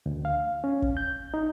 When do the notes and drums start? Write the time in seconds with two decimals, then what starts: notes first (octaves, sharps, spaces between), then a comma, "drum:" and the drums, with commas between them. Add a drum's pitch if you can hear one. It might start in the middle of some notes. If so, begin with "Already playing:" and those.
0.06 D2
0.25 F5
0.64 C#4
0.82 drum: kick
0.97 G6
1.34 D#4